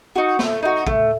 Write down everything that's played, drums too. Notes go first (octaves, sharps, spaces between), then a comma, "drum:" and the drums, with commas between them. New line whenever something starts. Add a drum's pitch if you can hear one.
D#4 F#4
A3, drum: snare
D#4 F#4
A3, drum: kick